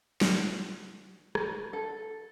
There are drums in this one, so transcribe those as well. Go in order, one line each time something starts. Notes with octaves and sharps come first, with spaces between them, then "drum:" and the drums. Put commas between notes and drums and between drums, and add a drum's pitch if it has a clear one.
drum: snare
drum: rim click
A4